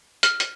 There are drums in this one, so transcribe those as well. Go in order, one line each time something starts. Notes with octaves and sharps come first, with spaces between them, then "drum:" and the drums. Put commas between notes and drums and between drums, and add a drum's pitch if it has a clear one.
F6, drum: hi-hat
drum: hi-hat